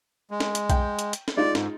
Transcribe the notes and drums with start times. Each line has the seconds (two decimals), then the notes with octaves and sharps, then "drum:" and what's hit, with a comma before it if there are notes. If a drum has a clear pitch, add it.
0.31 G#3
0.40 drum: snare
0.55 drum: hi-hat
0.70 G5, drum: kick B1, hi-hat
0.99 drum: hi-hat
1.13 drum: hi-hat
1.28 drum: snare
1.37 G#3 D#4 F4 D5
1.55 G#2, drum: snare